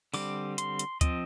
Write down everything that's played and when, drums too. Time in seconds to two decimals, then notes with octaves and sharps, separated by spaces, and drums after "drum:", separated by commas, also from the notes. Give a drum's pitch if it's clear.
0.14 D3 G3 C4 D6, drum: open hi-hat
0.58 C6, drum: hi-hat
0.79 drum: hi-hat
1.01 F3 C4 D#5, drum: kick D2, hi-hat